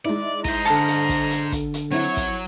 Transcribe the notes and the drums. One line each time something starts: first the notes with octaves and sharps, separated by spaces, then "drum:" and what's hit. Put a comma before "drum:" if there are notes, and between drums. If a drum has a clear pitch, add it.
G#3 D#4 E4 D5
C5 D#5 A#5, drum: kick, hi-hat
D3 A4 A5 F6 C#7, drum: hi-hat
drum: hi-hat
drum: kick, hi-hat
drum: hi-hat
drum: kick, hi-hat
drum: hi-hat
F#3 C4 E4 C#5
drum: kick, hi-hat